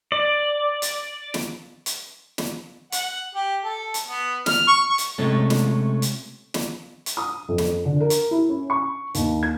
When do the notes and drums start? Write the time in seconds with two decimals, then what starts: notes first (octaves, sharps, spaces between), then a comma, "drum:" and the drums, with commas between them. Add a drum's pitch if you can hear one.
0.12 D5
0.82 drum: hi-hat
1.34 drum: snare
1.86 drum: hi-hat
2.38 drum: snare
2.92 F#5, drum: hi-hat
3.35 G4
3.64 A4
3.94 drum: hi-hat
4.08 B3
4.46 F6, drum: snare
4.68 C#6
4.89 C#6
4.98 drum: hi-hat
5.18 C3 G#3 A3 C#4 F4 A4
5.50 drum: snare
6.02 drum: hi-hat
6.54 drum: snare
7.06 drum: hi-hat
7.17 D#6
7.49 F2
7.58 drum: snare
7.85 D3
8.00 A#4
8.10 drum: hi-hat
8.31 E4
8.49 C#4
8.70 C#6
9.15 D#2, drum: hi-hat
9.43 G#6